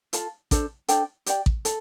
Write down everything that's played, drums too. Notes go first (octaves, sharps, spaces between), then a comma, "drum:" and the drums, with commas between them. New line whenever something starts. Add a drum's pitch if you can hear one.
F4 A4 F5 A5, drum: hi-hat
D4 A4 C5, drum: kick A1, hi-hat
D4 A4 C5 G5, drum: hi-hat
G4 D5 G5, drum: hi-hat
drum: kick A1
A4, drum: hi-hat